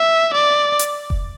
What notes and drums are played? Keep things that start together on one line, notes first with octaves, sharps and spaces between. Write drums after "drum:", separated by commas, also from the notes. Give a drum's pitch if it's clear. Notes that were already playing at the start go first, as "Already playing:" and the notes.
Already playing: E5
D5
drum: hi-hat
drum: kick F1